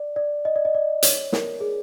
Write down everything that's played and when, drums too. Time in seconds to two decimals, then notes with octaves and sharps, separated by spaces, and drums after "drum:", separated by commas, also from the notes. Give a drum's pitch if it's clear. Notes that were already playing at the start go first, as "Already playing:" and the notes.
Already playing: D5
0.16 D5
0.45 D#5
0.56 D5
0.65 D#5
0.74 D5
1.03 C#5, drum: hi-hat
1.32 A#4, drum: snare
1.61 G#4